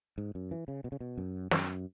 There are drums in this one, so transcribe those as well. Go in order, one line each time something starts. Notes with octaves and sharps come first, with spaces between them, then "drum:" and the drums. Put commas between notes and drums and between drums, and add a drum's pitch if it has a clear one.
G#2
F#2
E3
C#3
B2
C#3
B2
F#2
F#2, drum: snare